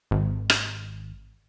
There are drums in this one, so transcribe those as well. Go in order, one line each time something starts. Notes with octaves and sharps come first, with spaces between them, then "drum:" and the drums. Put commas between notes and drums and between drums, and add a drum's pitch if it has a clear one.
G#1
drum: rim click